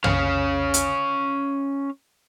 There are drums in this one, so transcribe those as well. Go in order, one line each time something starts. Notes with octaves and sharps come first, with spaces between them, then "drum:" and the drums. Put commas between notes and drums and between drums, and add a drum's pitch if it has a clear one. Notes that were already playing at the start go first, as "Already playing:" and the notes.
C#4 F5, drum: tom
drum: hi-hat